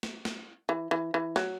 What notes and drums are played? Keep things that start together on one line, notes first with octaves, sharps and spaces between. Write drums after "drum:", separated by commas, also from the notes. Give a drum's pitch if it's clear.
drum: snare
drum: snare
E3
E3
E3
F#3, drum: snare